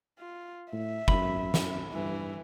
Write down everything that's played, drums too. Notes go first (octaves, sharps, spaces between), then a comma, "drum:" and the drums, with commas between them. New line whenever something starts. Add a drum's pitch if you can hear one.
F4
A2 E5
F#2 B5, drum: kick
F#2, drum: snare
G2 E3